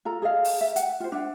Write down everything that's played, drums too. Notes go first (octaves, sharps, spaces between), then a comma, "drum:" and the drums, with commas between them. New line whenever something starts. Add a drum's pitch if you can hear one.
F4 A4 A#5
G#4 A4 D#5 F5
drum: open hi-hat
E5
F#5 G5, drum: hi-hat
F4 C5
D4 E5 F#5